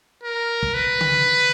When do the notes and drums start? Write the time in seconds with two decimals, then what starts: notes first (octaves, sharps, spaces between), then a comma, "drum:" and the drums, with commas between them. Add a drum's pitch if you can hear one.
0.23 A#4
0.63 drum: kick
0.74 B4
1.01 drum: tom C#3